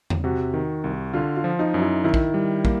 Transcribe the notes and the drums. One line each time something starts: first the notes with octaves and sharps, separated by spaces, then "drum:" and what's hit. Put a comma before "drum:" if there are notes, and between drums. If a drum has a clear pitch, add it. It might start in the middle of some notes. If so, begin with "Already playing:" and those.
drum: tom E2
C3 F#4
D#3
C2
D3 F4
F4
F3
D#4
F#2
E4
D#3 E4
drum: kick
G3
A#3, drum: kick